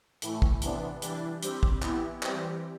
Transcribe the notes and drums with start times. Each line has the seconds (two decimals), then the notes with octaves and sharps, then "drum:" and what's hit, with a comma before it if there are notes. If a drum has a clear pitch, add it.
0.22 A2 E3 A3, drum: hi-hat
0.42 drum: kick
0.62 C3 E3 B3 D4, drum: hi-hat
1.02 E3 G3 D4, drum: hi-hat
1.43 G3 C4 G4, drum: hi-hat
1.63 drum: kick
1.82 E3 B3 E4 G4, drum: clap
2.23 E3 G3 C4 G4, drum: clap